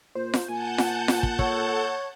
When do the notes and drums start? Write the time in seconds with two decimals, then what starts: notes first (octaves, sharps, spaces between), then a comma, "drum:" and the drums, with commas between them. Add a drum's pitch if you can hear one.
0.15 A#2 C5
0.34 drum: snare F4
0.48 A#2 F#5 G#5 A5 G6
0.78 drum: snare F4
1.08 drum: snare F4
1.23 drum: kick
1.39 A4 C#5, drum: kick